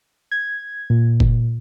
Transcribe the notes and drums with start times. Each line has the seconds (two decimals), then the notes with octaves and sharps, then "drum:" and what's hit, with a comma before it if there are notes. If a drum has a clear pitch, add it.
0.31 G#6
0.90 A#2
1.20 drum: kick F#1